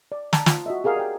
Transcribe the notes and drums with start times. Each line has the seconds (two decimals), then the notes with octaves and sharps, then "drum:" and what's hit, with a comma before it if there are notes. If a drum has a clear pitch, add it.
0.12 D5
0.33 A5 A#5, drum: snare
0.46 F4, drum: snare
0.66 F#4 D#5 E5
0.84 G4 G#4 A#4 F5 F#5
0.96 D5 G5